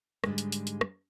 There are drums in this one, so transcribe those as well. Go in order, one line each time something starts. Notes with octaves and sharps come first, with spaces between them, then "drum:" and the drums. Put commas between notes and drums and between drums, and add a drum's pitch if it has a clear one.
G#2 B2 D3 G3 G#3, drum: rim click
drum: hi-hat
drum: hi-hat
drum: hi-hat
drum: rim click